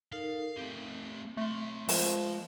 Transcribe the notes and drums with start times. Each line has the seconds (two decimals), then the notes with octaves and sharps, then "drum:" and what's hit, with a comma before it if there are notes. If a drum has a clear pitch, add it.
0.12 D#4 A4 A#4 F5
0.57 A3 C4 G4
1.37 F#3 A3 C6
1.89 F3 G#3, drum: open hi-hat